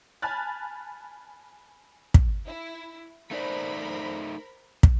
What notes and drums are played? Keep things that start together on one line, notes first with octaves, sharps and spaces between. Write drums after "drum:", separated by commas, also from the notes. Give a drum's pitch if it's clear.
G#5 A5 B5 F6 F#6 A6
drum: kick
E4
A3 D#4 A#4 C5 D5 B5
drum: kick